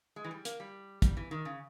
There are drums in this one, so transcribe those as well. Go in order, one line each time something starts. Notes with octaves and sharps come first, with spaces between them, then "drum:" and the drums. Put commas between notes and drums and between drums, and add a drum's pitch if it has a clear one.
G#3
E3
G3
A#3, drum: hi-hat
G3
G3, drum: kick, hi-hat
E3
D#3
C#3